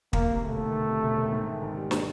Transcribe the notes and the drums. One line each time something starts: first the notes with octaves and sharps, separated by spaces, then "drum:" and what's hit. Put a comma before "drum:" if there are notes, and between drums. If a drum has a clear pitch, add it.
D2 A#3, drum: kick
C3
E1 A3
D#3
D2
C3
E1
D#3
G#2
D#3
G#1
G3
drum: snare